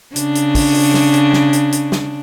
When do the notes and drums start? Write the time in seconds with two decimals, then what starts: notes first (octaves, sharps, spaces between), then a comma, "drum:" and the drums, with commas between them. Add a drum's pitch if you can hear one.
0.16 C#3 D4, drum: hi-hat
0.35 drum: hi-hat
0.55 drum: kick, open hi-hat
0.74 drum: open hi-hat
0.94 drum: snare
1.14 drum: hi-hat
1.33 drum: snare
1.53 drum: hi-hat
1.72 drum: hi-hat
1.92 drum: snare